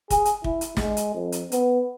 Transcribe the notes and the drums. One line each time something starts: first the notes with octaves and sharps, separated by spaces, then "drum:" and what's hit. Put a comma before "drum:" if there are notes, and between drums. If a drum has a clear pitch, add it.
G#4, drum: kick, hi-hat
drum: hi-hat
E4, drum: kick
drum: hi-hat
G#3, drum: snare
drum: hi-hat
F2
drum: hi-hat
B3, drum: hi-hat